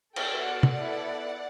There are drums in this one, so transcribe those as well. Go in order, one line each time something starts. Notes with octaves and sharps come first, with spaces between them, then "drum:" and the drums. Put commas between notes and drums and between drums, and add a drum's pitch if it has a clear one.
B3 F#4 A4 E5 G5, drum: cymbal
D5 F#5
drum: tom
B3 E4 A4